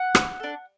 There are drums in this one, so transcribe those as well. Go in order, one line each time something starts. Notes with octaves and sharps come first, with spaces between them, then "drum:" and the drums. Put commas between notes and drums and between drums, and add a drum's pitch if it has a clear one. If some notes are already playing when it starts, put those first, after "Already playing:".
Already playing: F#5
B3, drum: rim click
D4 A4